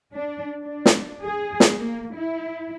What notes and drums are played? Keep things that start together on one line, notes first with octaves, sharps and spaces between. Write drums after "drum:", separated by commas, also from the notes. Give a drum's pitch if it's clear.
D4
D4
drum: snare
G#4
drum: snare
A#3
E4